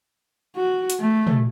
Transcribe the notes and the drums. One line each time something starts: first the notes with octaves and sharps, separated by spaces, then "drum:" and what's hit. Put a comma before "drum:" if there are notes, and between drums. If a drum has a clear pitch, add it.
F#4
drum: hi-hat
A3
drum: tom